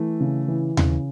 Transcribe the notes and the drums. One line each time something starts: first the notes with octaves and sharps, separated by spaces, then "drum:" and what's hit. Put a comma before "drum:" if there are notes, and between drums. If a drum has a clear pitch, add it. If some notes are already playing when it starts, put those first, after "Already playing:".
Already playing: E3 A3
C#3
E3
C#3, drum: tom D#2